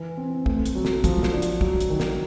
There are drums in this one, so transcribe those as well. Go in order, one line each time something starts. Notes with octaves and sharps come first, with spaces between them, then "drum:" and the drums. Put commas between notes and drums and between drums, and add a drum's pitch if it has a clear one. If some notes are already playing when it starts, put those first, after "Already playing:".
Already playing: E3
C4
A3, drum: kick
drum: hi-hat
F#3
drum: snare
F3, drum: kick, hi-hat
drum: snare
D4
drum: hi-hat
F#3, drum: kick
drum: hi-hat
D#3
drum: snare